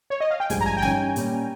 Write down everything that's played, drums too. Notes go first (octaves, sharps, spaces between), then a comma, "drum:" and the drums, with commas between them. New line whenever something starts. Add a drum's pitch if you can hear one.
C#5
D#5
F5
G5
G2 F3 G#3 G#5, drum: kick, hi-hat
A#5
G#5
G5
G2 D#3 G3 C#4 G#5, drum: snare
A#2 G3 C#4, drum: hi-hat